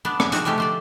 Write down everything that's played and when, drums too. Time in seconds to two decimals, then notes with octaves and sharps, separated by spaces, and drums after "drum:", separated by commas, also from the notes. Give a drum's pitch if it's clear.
0.05 B3 D4
0.20 G#5, drum: rim click
0.32 C3 F3 D4 D#4 F#4 G#4, drum: hi-hat
0.45 C3 F3 G#3 A3 G4
0.58 D3 C5 D5